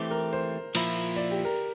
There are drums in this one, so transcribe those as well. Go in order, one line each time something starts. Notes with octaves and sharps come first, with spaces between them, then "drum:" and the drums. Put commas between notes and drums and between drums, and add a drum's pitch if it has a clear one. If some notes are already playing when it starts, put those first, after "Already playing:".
Already playing: E3 A3 C4 G4
A#4
C5
A#2 F3 A#3 E4, drum: cymbal
D5
G4
A#4